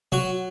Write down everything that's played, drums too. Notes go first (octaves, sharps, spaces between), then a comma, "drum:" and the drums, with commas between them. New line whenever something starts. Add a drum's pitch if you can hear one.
F#3 F#4, drum: tom B2